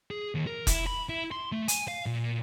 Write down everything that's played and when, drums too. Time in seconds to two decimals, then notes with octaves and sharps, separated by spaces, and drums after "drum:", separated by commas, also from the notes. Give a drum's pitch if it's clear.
0.11 G#4
0.35 D#2
0.47 A#4
0.67 E4, drum: kick F1, hi-hat
0.87 B5
1.09 E4
1.31 C6
1.52 A3
1.68 G#5, drum: hi-hat
1.88 F5
2.06 A#2